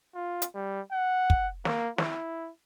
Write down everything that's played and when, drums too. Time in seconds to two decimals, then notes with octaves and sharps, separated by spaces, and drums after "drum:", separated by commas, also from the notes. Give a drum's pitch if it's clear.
0.15 F4
0.42 drum: hi-hat
0.55 G3
0.92 F#5
1.30 drum: kick
1.65 A#3, drum: snare
1.98 E4, drum: snare